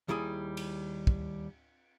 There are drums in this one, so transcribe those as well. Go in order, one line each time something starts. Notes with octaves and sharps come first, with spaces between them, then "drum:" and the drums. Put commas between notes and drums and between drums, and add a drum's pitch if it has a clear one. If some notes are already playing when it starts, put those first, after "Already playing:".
D#2 G3 E4 G#4 G#5
drum: cymbal
drum: kick